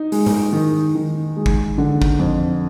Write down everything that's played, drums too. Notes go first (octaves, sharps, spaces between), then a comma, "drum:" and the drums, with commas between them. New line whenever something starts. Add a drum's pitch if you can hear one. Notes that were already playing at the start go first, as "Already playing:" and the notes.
Already playing: D#4
G#3, drum: open hi-hat
drum: tom G#2
D#3
D#3
G#3
drum: kick
D3
drum: kick
F2